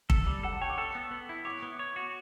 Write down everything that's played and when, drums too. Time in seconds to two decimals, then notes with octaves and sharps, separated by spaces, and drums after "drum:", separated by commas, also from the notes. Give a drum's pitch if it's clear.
0.10 A4, drum: kick
0.27 G3
0.43 A4 F#5
0.52 A5
0.61 C#5 G5
0.70 D6
0.78 A4 E6
0.95 B3
1.11 B3
1.29 E4
1.45 C#5 D6
1.62 B3
1.79 C#5
1.96 F#4